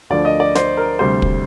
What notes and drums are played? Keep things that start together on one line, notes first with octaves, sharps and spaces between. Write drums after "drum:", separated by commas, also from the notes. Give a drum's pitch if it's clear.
D2 D3 F3 D5
D#5
D5
C5, drum: snare
A#4
D2 C3 G3 C5
drum: kick